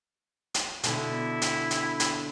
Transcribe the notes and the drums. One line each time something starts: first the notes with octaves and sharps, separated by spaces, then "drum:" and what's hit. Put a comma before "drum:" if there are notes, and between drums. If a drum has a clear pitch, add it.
drum: hi-hat
B2 D3 E4, drum: hi-hat
drum: hi-hat
drum: hi-hat
drum: hi-hat